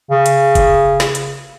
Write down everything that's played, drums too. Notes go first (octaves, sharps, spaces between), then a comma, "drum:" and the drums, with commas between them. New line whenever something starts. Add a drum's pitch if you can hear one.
C#3
drum: hi-hat
drum: kick F#1, hi-hat
drum: snare
drum: hi-hat